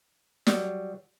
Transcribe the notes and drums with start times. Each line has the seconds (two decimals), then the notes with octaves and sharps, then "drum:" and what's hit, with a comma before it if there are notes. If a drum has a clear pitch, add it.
0.47 F#3 G3, drum: snare